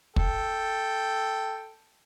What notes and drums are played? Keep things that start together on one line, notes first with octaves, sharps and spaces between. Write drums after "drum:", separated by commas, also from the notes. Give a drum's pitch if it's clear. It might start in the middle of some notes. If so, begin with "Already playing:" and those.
A4 G5, drum: kick